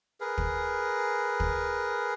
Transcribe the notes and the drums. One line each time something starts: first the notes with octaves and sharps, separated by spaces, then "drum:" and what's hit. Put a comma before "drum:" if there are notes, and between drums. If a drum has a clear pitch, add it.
G#4 A#4 B4
drum: kick
drum: kick